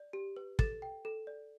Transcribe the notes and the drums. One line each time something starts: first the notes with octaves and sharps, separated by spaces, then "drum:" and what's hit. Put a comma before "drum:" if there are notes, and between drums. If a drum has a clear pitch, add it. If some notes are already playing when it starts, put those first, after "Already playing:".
Already playing: D5
G4
B4
A4 A6, drum: kick
G5
A4
D5